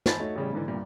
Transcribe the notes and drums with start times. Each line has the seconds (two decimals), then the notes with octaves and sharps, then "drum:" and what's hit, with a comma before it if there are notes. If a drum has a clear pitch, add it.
0.06 C5 G#5 A5 B5 A6, drum: snare
0.19 A3 D#4 F#4 C#5
0.35 A1 C#3 G3
0.53 G#2 D3 E3
0.67 C2 G2 A#2